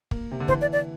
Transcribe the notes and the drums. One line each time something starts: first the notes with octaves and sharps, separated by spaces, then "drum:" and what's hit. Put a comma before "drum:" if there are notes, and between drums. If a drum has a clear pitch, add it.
A#3, drum: kick
C3
D3
E3 C5, drum: kick
D5
D5